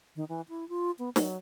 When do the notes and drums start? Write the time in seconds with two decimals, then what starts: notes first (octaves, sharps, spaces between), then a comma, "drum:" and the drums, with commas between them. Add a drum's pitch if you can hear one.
0.16 D#3
0.29 E3
0.49 E4
0.69 F4
0.99 B3
1.16 F#3, drum: snare